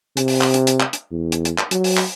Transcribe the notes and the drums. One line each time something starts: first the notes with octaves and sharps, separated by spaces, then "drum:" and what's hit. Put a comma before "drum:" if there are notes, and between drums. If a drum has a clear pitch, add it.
C3, drum: hi-hat
drum: open hi-hat
drum: clap
drum: hi-hat
drum: hi-hat
drum: clap
drum: hi-hat
E2
drum: hi-hat
drum: hi-hat
drum: clap
F#3, drum: hi-hat
drum: open hi-hat
drum: clap